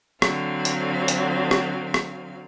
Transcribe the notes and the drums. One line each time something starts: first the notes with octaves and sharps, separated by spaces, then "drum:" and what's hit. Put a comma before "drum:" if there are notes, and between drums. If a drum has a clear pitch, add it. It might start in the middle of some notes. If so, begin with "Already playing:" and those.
D3 F#3 C4 F5, drum: rim click
drum: hi-hat
drum: hi-hat
drum: rim click
drum: rim click